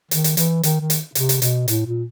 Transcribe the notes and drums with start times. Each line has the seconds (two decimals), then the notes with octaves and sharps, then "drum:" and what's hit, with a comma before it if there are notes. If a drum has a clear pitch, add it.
0.11 D#3, drum: hi-hat
0.24 drum: hi-hat
0.37 E3, drum: hi-hat
0.63 D#3, drum: hi-hat
0.81 D#3
0.90 drum: hi-hat
1.15 C3, drum: hi-hat
1.29 drum: hi-hat
1.42 B2, drum: hi-hat
1.68 A2, drum: hi-hat
1.86 A#2